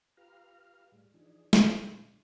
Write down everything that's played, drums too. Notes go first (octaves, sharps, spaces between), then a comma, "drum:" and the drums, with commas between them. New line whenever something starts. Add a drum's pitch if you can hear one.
F4 G4 B4 F5 A#5 F6
A2 G3 G#3
E3 F3 D4 D#4 G#4
A#2 D3, drum: snare